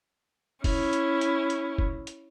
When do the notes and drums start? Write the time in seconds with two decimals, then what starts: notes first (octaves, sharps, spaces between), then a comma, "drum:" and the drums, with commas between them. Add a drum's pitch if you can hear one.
0.64 C#4 E4, drum: kick, open hi-hat
0.93 drum: hi-hat
1.21 drum: hi-hat
1.50 drum: hi-hat
1.78 drum: kick
2.07 drum: hi-hat